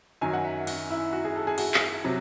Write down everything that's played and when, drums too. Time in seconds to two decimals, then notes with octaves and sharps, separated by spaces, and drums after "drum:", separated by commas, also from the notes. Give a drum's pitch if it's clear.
0.21 F#2 D#3 F#3 G#5
0.33 F#5
0.44 E5
0.67 F#4, drum: cymbal
0.90 E4
1.13 F#4
1.25 G#4
1.36 A4
1.47 G#4
1.58 F#4, drum: cymbal
1.74 drum: clap
2.04 C3 F#3